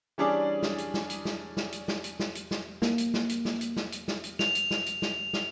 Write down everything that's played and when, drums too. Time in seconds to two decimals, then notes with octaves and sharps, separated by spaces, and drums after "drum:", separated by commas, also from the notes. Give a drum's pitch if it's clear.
0.18 E3 G3 C#4 D4 G#4 D5
0.63 drum: snare
0.78 drum: hi-hat
0.94 drum: snare
1.10 drum: hi-hat
1.25 drum: snare
1.57 drum: snare
1.72 drum: hi-hat
1.88 drum: snare
2.04 drum: hi-hat
2.20 drum: snare
2.35 drum: hi-hat
2.51 drum: snare
2.82 A#3, drum: snare
2.98 drum: hi-hat
3.14 drum: snare
3.29 drum: hi-hat
3.45 drum: snare
3.61 drum: hi-hat
3.76 drum: snare
3.92 drum: hi-hat
4.08 drum: snare
4.24 drum: hi-hat
4.39 F7, drum: snare
4.55 drum: hi-hat
4.71 drum: snare
4.86 drum: hi-hat
5.02 drum: snare
5.33 drum: snare